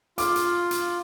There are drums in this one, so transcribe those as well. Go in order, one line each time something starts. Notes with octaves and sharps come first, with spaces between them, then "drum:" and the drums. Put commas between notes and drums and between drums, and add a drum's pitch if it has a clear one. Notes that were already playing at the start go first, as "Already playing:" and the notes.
F4 D6, drum: hi-hat
drum: hi-hat
drum: hi-hat